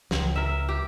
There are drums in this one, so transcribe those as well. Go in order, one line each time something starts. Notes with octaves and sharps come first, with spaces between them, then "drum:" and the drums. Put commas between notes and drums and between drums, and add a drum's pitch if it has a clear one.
C#2, drum: snare
A#4 E5
G4